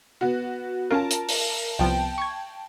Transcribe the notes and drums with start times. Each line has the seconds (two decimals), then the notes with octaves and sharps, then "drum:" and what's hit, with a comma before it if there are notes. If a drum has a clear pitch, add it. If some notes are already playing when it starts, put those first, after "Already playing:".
0.21 B3 F#4
0.91 C#4 F4 A#4 A5
1.11 drum: hi-hat
1.29 drum: open hi-hat
1.79 C2 F3 B3 G5 A5
2.18 C#6 G#6